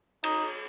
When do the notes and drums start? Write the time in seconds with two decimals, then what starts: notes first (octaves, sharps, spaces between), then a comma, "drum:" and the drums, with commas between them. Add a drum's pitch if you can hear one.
0.24 D#4, drum: cymbal